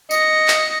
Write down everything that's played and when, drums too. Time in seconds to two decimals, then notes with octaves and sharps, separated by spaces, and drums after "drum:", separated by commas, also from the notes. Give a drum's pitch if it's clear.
0.11 D#5 A#6 C#7, drum: tambourine
0.48 drum: clap